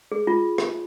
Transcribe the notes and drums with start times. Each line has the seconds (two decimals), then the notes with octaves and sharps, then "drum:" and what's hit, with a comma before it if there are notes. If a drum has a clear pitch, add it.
0.12 G#4
0.27 F4
0.58 drum: rim click